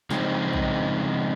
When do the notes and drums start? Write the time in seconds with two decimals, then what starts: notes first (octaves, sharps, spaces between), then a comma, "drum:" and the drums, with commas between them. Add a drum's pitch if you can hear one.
0.10 C#3 F3 G#3 C4 D#4, drum: snare
0.53 drum: kick A#1